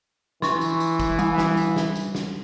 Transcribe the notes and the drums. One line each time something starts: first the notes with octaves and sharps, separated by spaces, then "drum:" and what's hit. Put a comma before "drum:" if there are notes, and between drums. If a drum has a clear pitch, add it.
E3 C6 C#6, drum: snare
drum: tambourine
drum: tambourine
drum: kick, tambourine
G3, drum: tambourine
drum: snare
drum: tambourine
drum: snare
drum: tambourine
drum: snare